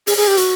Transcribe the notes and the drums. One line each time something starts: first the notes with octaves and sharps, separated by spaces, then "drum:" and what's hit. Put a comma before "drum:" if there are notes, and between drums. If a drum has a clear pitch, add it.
G#4, drum: open hi-hat
G#4
G4
F#4, drum: hi-hat